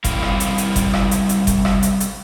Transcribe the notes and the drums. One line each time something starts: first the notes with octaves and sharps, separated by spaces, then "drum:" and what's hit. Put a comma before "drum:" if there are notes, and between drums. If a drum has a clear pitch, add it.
G3 C4 E4 G4 A#4 F5, drum: kick G1, hi-hat
drum: rim click
drum: hi-hat
drum: hi-hat
drum: kick G1, hi-hat
drum: rim click
drum: hi-hat
drum: hi-hat
drum: kick G1, hi-hat
drum: rim click
drum: hi-hat
drum: hi-hat